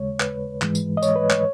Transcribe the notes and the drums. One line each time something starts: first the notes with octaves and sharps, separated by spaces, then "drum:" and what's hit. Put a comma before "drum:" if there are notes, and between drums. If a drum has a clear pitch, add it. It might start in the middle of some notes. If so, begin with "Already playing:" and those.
Already playing: D#2 C#3 G#3 C#5
B4, drum: clap
G#2 E3 G#3, drum: clap
drum: tambourine
D#5
C#5, drum: tambourine
B4
C#5, drum: clap